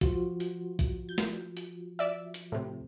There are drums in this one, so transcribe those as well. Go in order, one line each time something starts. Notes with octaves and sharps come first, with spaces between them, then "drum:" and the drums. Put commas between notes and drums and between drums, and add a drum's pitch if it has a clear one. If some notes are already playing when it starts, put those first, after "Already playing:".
F3 F4 F#4, drum: kick, hi-hat
drum: hi-hat
drum: kick, hi-hat
G6
drum: snare
drum: hi-hat
D5 E5
drum: hi-hat
A2 C3